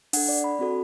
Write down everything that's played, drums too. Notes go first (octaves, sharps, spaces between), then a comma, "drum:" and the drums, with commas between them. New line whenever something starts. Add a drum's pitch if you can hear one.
D4 A4 F#5, drum: open hi-hat
D5
B5
C4 F#4 A4